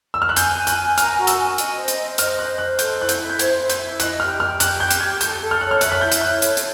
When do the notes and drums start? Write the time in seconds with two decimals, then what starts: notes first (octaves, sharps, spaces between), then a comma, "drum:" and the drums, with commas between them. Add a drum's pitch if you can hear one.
0.14 E6
0.22 F6
0.29 F#6
0.36 G#5 G6, drum: hi-hat
0.57 G#5
0.67 F#6, drum: hi-hat
0.77 G#5
0.98 A#4 F6, drum: hi-hat
1.17 F#4
1.27 E6, drum: hi-hat
1.38 G#5
1.58 D#5, drum: hi-hat
1.77 C5
1.88 drum: hi-hat
1.98 C5
2.18 D#5 F6, drum: hi-hat
2.38 C5 F#6
2.58 C5 F#6
2.79 A4 G6, drum: hi-hat
2.99 E4 F#6
3.09 G6, drum: hi-hat
3.19 E4
3.30 G6
3.39 C5 G#6, drum: hi-hat
3.59 E4
3.70 G6, drum: hi-hat
3.80 E4
4.00 D#5 F#6, drum: hi-hat
4.20 G4 F6
4.40 G4 F6
4.60 G4 F#6, drum: hi-hat
4.80 G4 G6
4.91 drum: hi-hat
5.00 G4 G#6
5.21 A4 G6, drum: hi-hat
5.41 A4
5.51 F6
5.61 C#5 F#6
5.71 F6
5.81 E5 F#6, drum: hi-hat
5.92 F#6
6.01 E4 G6
6.12 drum: hi-hat
6.21 C#5 F#6
6.42 A4, drum: hi-hat
6.57 drum: hi-hat